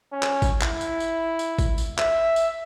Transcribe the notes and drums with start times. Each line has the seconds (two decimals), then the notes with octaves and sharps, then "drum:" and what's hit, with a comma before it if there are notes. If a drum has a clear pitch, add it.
0.12 C#4
0.23 drum: clap
0.42 drum: kick G#1, tambourine
0.61 E4, drum: clap
0.81 drum: tambourine
1.00 drum: tambourine
1.39 drum: tambourine
1.59 drum: kick G#1, tambourine
1.78 drum: tambourine
1.98 E5, drum: clap
2.36 drum: tambourine